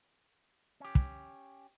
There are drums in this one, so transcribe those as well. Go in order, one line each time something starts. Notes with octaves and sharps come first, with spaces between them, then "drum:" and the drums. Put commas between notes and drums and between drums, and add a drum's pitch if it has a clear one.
C#4 G4
drum: kick